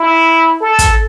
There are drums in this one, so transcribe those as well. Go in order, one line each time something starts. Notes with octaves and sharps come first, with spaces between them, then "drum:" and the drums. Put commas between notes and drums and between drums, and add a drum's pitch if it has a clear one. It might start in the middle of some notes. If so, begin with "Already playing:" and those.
Already playing: E4
A4
drum: kick, hi-hat